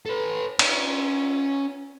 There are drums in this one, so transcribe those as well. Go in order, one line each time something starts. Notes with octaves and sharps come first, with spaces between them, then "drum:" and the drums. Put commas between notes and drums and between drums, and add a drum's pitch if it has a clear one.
A4 B4
C#4, drum: cymbal